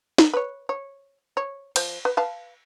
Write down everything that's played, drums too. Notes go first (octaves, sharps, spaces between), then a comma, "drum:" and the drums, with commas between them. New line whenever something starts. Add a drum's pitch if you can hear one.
drum: snare
B4 C#5
C#5
C#5
F3 C5, drum: cymbal
B4
B4 F5 A5